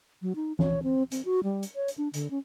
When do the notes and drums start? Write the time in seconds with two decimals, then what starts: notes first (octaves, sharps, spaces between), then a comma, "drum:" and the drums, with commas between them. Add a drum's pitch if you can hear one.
0.22 F#3
0.36 D#4
0.59 C#5, drum: tom E3
0.83 C4
1.11 C4, drum: hi-hat
1.25 F#4
1.44 G3
1.63 drum: hi-hat
1.75 C#5
1.88 drum: hi-hat
1.98 D4
2.14 D3, drum: hi-hat
2.31 C#4